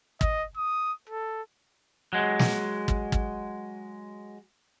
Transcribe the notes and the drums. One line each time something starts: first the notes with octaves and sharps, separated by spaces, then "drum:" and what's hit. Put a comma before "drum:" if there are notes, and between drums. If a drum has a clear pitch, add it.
D#5, drum: kick
D#6
A4
F#3 G#3
drum: snare
drum: kick
drum: kick